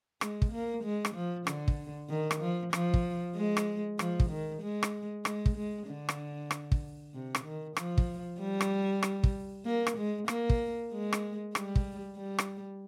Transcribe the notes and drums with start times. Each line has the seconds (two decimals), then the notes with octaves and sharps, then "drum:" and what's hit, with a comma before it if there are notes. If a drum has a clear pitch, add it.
0.21 G#3, drum: rim click
0.42 drum: kick
0.52 A#3
0.84 G#3
1.05 drum: rim click
1.15 F3
1.47 D3, drum: rim click
1.68 drum: kick
2.09 D#3
2.31 drum: rim click
2.41 F3
2.73 F3, drum: rim click
2.94 drum: kick
3.36 G#3
3.57 drum: rim click
3.99 F3, drum: rim click
4.20 drum: kick
4.30 D#3
4.62 G#3
4.83 drum: rim click
5.25 G#3, drum: rim click
5.46 drum: kick
5.57 G#3
5.87 D3
6.09 drum: rim click
6.51 drum: rim click
6.72 drum: kick
7.14 C3
7.35 drum: rim click
7.45 D#3
7.76 F3, drum: rim click
7.98 drum: kick
8.39 G3
8.61 drum: rim click
9.03 drum: rim click
9.24 drum: kick
9.65 A#3
9.87 drum: rim click
9.97 G#3
10.28 A#3, drum: rim click
10.50 drum: kick
10.92 G#3
11.13 drum: rim click
11.55 G3, drum: rim click
11.76 drum: kick
12.18 G3
12.38 drum: rim click